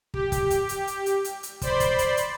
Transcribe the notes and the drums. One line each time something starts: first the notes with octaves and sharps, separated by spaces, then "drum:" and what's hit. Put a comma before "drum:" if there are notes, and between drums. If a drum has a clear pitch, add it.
G4, drum: kick
drum: kick, hi-hat
drum: hi-hat
drum: hi-hat
drum: hi-hat
drum: hi-hat
drum: hi-hat
drum: hi-hat
C5 D5 B5 C6, drum: kick, hi-hat
drum: kick, hi-hat
drum: hi-hat
drum: hi-hat